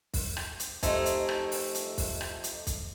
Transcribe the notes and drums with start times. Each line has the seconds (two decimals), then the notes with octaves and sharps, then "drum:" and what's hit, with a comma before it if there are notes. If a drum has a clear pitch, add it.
0.14 drum: kick, open hi-hat
0.37 drum: rim click
0.60 drum: hi-hat
0.83 F2 A3 D#4 G4 C5 G#5, drum: kick, hi-hat
1.06 drum: hi-hat
1.29 drum: rim click
1.52 drum: open hi-hat
1.75 drum: hi-hat
1.98 drum: kick, open hi-hat
2.21 drum: rim click
2.44 drum: hi-hat
2.67 drum: kick, hi-hat